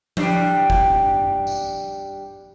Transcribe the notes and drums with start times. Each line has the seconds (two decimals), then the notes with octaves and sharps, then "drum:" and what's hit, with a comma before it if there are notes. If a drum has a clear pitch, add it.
0.17 G3 D4, drum: tom F3
0.70 drum: kick F#1
1.47 drum: tambourine